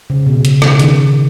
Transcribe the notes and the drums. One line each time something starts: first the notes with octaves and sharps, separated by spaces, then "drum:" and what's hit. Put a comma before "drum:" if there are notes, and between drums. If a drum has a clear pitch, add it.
C#3
B2
C#3, drum: hi-hat
C#3, drum: rim click
D#3, drum: hi-hat